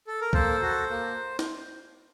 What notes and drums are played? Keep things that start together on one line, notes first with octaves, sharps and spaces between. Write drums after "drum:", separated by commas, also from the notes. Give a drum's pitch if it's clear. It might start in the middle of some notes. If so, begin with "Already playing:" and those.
A4
A#4
A#3 A4 C5, drum: kick
F#4 A4
A#3
drum: snare